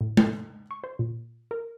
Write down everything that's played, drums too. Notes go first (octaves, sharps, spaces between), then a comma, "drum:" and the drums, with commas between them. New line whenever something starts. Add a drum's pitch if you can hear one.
A2
drum: tom G#3
C#6
C5
A#2
A#4